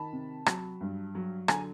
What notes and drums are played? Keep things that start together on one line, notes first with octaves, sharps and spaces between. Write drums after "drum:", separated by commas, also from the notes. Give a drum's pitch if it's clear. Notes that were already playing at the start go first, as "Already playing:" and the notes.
Already playing: D#3 A5 B5
C3
F#3, drum: rim click
G2
F#3
D3 G#5 A#5, drum: rim click